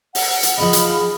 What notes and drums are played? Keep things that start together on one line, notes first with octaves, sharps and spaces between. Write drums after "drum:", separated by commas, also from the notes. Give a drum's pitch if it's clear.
F#5, drum: open hi-hat
drum: hi-hat
F3 D#4 G#4 D#5 B5
drum: hi-hat